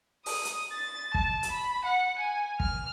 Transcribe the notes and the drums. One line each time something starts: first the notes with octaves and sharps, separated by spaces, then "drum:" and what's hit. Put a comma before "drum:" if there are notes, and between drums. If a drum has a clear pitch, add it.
D#6, drum: open hi-hat
drum: hi-hat
A6
A5, drum: kick
drum: hi-hat
B5
F#5
G#5
F6, drum: kick